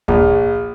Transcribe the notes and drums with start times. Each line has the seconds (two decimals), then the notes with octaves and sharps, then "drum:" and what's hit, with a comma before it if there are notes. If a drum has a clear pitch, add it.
0.08 A#1, drum: kick D2